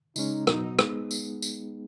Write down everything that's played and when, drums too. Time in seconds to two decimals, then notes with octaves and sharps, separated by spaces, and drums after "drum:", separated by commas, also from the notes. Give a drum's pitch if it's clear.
0.16 C#3 G#3 C#4 D#4, drum: tambourine
0.47 B2 F#3 B3 D#4 F#4, drum: rim click
0.79 G#3 B3 D#4 G#4, drum: rim click
1.11 drum: tambourine
1.42 drum: tambourine